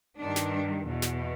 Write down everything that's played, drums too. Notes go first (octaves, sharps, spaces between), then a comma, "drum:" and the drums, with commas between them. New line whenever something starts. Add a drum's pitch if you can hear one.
G2 D#3 D4
drum: snare
E2 B2
drum: snare